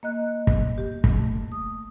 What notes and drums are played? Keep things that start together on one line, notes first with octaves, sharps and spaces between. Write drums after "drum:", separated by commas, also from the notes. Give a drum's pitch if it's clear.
A#3 D#5 F#6
drum: kick
G4
drum: kick
A3
D#6